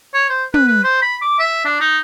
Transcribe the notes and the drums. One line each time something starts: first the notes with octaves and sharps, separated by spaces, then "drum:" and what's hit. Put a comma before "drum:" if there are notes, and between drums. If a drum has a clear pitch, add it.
C#5
C5
B4, drum: tom
B4
C5
B5
D6
E5
D4
D#4